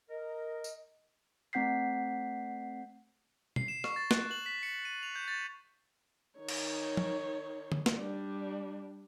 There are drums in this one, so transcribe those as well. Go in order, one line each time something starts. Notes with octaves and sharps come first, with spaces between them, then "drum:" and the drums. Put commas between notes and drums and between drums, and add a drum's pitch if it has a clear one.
A#4 D#5
drum: tambourine
A3 C4 F#5 G6 B6 C7
C7, drum: tom B2
E7
C#6, drum: rim click
A6
F#6, drum: snare
F#7
B6
C#7
D#7
F7
G6
A6
D#3 C#5
drum: cymbal
drum: tom
drum: tom D3
drum: snare
G3 D4